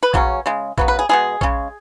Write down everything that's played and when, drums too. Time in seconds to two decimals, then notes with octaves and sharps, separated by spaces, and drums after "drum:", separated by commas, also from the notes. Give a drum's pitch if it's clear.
0.03 B4
0.14 C#3 F#3 C#4, drum: kick A#1
0.46 C#3 G#3
0.78 C#3 F#3 B3 B4, drum: kick A#1
0.88 B4
0.99 G#4
1.09 B2 G#3 B3 G#4
1.41 C#3 G#3 C#4, drum: kick A#1